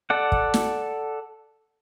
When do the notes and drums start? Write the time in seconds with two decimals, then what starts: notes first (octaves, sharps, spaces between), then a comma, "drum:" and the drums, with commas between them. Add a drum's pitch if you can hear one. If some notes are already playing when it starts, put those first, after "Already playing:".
0.10 A4 D5 F#5
0.32 drum: kick
0.54 drum: snare